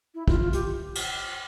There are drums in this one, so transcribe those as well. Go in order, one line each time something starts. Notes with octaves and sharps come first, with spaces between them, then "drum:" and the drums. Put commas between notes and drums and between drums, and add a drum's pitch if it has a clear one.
E4
F4, drum: kick
F4
G4, drum: hi-hat
drum: cymbal